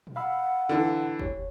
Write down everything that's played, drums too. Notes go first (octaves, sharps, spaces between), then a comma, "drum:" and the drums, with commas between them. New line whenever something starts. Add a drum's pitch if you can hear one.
drum: tom A#2
F5 F#5 B5 E6
D3 E3
D#2 G4 C#5, drum: kick